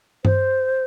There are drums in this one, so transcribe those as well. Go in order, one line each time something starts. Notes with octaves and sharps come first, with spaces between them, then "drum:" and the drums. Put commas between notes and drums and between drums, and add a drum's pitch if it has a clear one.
C5, drum: tom G2